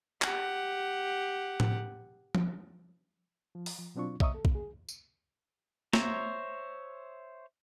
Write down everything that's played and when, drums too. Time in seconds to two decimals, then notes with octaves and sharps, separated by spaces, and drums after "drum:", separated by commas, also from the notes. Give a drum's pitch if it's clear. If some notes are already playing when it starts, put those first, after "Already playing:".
0.22 G4 F#5, drum: clap
1.60 drum: tom A2
2.35 drum: tom F3
3.55 F3
3.66 drum: open hi-hat
3.78 F3
3.95 B2 F#3 C4 D4 F4 C#6
4.20 C#5 D#5 E5 A#5 C#6 D#6, drum: kick
4.34 A4
4.45 drum: kick
4.55 G#4
4.89 drum: tambourine
5.93 C5 C#5 E5 A#5, drum: snare